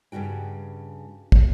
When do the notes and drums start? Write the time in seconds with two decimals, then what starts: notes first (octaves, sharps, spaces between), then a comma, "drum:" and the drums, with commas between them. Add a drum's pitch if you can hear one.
0.12 G2 C#3 G3 F#4 G5
1.32 drum: kick